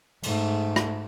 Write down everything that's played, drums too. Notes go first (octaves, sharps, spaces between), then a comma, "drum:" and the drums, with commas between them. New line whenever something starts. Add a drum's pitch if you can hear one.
G#2 A3, drum: cymbal
drum: rim click